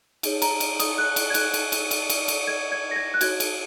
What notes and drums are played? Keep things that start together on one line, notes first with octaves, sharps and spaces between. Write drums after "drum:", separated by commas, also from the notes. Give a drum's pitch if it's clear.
D#4 G#4 C#5, drum: cymbal
A#5, drum: cymbal
drum: cymbal
D#6, drum: cymbal
F#6
drum: cymbal
G#6
F#6, drum: cymbal
drum: cymbal
drum: cymbal
drum: cymbal
drum: cymbal
drum: cymbal
G#6
G#6
A#6
G#6
F#6
F#4 C#5 G#6, drum: cymbal
drum: cymbal